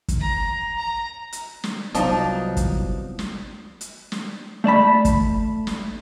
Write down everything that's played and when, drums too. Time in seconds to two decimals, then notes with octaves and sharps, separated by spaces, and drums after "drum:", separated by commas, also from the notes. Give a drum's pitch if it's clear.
0.08 drum: kick, hi-hat
0.20 A#5
0.77 A#5
1.33 drum: hi-hat
1.64 drum: snare
1.95 C2 F3 F#3 B3 D4 D#4, drum: hi-hat
2.57 drum: kick, hi-hat
3.19 drum: snare
3.81 drum: hi-hat
4.12 drum: snare
4.64 A3 D5 A5 B5
5.05 drum: kick, hi-hat
5.67 drum: snare